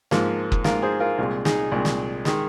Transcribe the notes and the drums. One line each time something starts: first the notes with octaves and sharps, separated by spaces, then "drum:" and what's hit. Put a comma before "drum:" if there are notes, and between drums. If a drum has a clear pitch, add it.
G#2 F3 A#3, drum: snare
drum: kick
G#2 F3 A#3 F4 A#4, drum: snare
G#4 C5
F4 A#4
C2 A#2 G#3 F4
D#4 G#4, drum: snare
C2 A#2 G#3
drum: snare
D#3 G#3, drum: snare